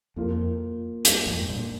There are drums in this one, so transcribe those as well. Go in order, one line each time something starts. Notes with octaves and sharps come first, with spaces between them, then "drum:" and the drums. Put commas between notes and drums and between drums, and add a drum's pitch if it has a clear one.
F2 A#3 F4 A#4
G2, drum: hi-hat
F2 G#2
G2 A#2